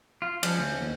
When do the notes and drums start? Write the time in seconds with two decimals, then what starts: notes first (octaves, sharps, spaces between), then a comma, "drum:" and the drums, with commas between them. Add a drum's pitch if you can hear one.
0.22 F4
0.43 F3 G3 C#4 D4, drum: cymbal
0.59 D2 C4
0.81 D#2